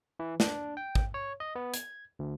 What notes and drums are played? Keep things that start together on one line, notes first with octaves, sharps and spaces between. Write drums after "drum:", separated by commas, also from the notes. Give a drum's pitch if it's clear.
E3
D4, drum: snare
G5
drum: kick
C#5
D#5
B3
G#6, drum: hi-hat
D2